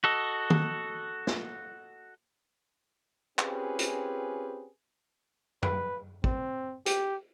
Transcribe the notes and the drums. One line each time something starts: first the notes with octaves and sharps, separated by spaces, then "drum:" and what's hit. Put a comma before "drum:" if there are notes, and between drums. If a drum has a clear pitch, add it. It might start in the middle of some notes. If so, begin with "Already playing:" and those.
F#4 A4 D#5
drum: tom
drum: snare
C4 C#4 F4 G4 G#4 B4, drum: clap
drum: hi-hat
B4, drum: tom F#2
C4, drum: kick
G4, drum: hi-hat